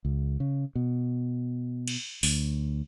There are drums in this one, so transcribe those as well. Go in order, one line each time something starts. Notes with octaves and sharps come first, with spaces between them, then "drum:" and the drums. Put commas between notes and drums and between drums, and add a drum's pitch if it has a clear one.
C#2
C#3
B2
drum: cymbal
D2, drum: open hi-hat